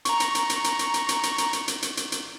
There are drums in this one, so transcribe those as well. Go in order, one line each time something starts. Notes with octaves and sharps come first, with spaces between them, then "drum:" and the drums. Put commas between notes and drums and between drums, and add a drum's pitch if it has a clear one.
A#5 C#6, drum: hi-hat
drum: hi-hat
drum: hi-hat
drum: hi-hat
drum: hi-hat
drum: hi-hat
drum: hi-hat
drum: hi-hat
drum: hi-hat
drum: hi-hat
drum: hi-hat
drum: hi-hat
drum: hi-hat
drum: hi-hat
drum: hi-hat